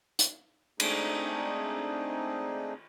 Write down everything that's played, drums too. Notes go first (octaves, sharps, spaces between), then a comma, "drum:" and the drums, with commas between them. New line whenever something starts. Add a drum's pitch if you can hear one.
drum: hi-hat
A3 C4 D4 D#4 G#4, drum: cymbal